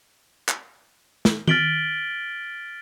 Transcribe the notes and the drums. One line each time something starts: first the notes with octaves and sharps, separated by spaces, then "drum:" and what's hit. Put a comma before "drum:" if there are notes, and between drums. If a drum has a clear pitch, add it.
drum: clap
drum: snare
F6 A6 B6 D7 F#7 G7, drum: tom D#3